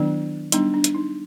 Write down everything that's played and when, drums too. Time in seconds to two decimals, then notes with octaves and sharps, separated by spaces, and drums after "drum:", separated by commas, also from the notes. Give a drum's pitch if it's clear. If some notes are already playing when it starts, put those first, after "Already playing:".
Already playing: D#3 F#3 B3 D4 E4
0.52 G3 B3 D4 D#4, drum: hi-hat
0.74 D4
0.84 drum: hi-hat
0.95 D#4